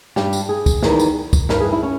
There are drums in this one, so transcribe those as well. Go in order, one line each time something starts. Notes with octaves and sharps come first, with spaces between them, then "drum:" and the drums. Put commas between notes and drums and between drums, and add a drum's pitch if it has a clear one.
G2 G3 G4, drum: snare
drum: tambourine
G#4
drum: kick, tambourine
E2 D#3 G3, drum: snare
drum: tambourine
drum: kick, tambourine
G2 E3 G3 A#4, drum: snare
G#4
E4
C#4